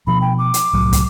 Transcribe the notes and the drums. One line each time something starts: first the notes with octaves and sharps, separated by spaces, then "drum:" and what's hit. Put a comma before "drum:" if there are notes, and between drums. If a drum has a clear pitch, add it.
B2 F3 B5
G5
D6
drum: hi-hat
C2 A2 F#3
drum: kick, hi-hat